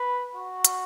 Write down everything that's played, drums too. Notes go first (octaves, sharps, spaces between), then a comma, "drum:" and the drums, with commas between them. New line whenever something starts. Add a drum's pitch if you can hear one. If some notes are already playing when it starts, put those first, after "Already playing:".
Already playing: B4
F#4
drum: hi-hat